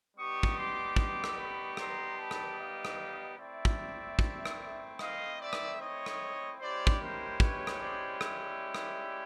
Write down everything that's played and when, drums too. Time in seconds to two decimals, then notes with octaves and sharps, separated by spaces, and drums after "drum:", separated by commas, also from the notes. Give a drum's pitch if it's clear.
0.16 G3 B3 D#4 G4 C#6 D#6
0.43 drum: kick
0.56 C6 D6
0.96 C6 D6, drum: kick
1.24 drum: rim click
1.37 B5 C#6
1.77 A#5 C6, drum: rim click
2.18 A5 B5
2.31 drum: rim click
2.58 D#5 F5
2.85 drum: rim click
3.38 A3 C4 E4 D5 E5
3.65 drum: kick
4.19 drum: kick
4.46 drum: rim click
4.99 D#5 F5, drum: rim click
5.40 D5 E5
5.53 drum: rim click
5.79 C#5 D#5
6.06 drum: rim click
6.60 G#3 C#4 E4 G4 C5 D5
6.87 drum: kick
7.00 A#4 C5
7.40 B4 C#5, drum: kick
7.67 drum: rim click
7.80 C5 D5
8.21 D5 E5, drum: rim click
8.75 drum: rim click